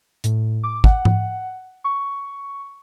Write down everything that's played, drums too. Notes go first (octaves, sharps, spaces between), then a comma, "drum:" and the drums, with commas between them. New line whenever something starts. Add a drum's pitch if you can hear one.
A2, drum: hi-hat
D6
F#5, drum: kick
drum: tom G#2
C#6